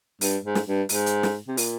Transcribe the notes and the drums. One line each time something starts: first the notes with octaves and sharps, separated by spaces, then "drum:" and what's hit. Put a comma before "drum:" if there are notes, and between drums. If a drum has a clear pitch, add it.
G2, drum: open hi-hat
G#2
drum: snare
G2
G#2, drum: open hi-hat
drum: hi-hat
drum: snare
C3
A#2, drum: open hi-hat